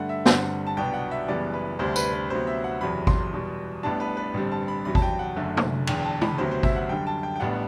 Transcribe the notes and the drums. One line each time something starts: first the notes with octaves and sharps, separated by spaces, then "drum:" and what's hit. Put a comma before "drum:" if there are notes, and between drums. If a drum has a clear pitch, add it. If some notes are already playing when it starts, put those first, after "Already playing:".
Already playing: G2 D3 A3 F#5
E5
G1 G2 D3 G3 C4 F#5, drum: snare
A5
C2 B2 F#3 B3 D4 G5
F#5
E5
F#1 F#2 E3 G3 B3 D5
B4
D2 C3 G3 D4 C5
B4, drum: tambourine
B4
D2 C3 F#3 B3 C5
E5
F#5
F#1 E2 C3 F#3 B5
C6, drum: kick G#1
E2 B2 G3
A1 A2 G3 B3 D4 A5
B4
B4
A1 G2 D3 G3 C4
A5
B5
E2 C3 F#3 B5
A5, drum: kick G#1
G5
F#5
F#1 F#2 D3 A3
drum: tom
E1 E2 D3 G5, drum: cymbal
G5
A5
B5, drum: tom
D2 C3 F#3 B3 C5
C5
E5, drum: kick G#1
F#5
F#2 D3 G3 G5
A5
G5
G5
A1 A2 G3 B3 D4 F#5